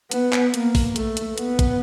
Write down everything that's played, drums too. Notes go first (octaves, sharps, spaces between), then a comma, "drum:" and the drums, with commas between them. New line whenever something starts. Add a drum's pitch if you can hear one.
B3, drum: hi-hat
drum: clap
A#3, drum: hi-hat
drum: kick A#1, open hi-hat
A3, drum: hi-hat
drum: hi-hat
B3, drum: hi-hat
drum: kick A#1, hi-hat